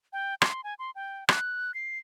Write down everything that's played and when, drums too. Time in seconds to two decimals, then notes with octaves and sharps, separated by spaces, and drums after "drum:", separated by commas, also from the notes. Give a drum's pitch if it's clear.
0.13 G5
0.42 C6, drum: rim click
0.64 G#5
0.79 C6
0.95 G5
1.29 F#6, drum: rim click
1.74 C7